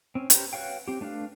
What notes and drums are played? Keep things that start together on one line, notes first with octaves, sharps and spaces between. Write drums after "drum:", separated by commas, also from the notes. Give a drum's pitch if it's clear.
C4 C#4
C#4 G4 B4 C5 A#5, drum: hi-hat
F#4 B4 C#5 F5 G5
C4 G4
A3 D4 B4 F5